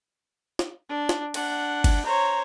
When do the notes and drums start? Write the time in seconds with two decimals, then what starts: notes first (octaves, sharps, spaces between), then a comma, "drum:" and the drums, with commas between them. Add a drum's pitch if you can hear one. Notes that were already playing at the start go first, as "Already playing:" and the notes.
0.59 drum: snare
0.89 D4
1.09 drum: snare
1.34 D4 F#5, drum: cymbal
1.84 drum: kick G1, cymbal
2.06 C5 C#5 A#5